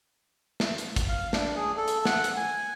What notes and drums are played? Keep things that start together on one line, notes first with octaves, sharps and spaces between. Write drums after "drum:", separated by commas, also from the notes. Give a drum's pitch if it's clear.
drum: snare
drum: hi-hat
drum: kick, hi-hat
F5
D4, drum: snare
G#4
A4
drum: hi-hat
F#5, drum: snare
drum: hi-hat
G#5